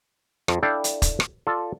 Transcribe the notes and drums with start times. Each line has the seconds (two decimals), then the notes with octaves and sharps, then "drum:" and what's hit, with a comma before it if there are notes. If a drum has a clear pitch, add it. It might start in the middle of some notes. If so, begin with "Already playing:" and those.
0.48 F2, drum: rim click
0.63 D4 E4 A4 D5 F5 G5
0.84 drum: hi-hat
1.02 drum: kick, hi-hat
1.20 drum: rim click
1.47 F4 A4 D5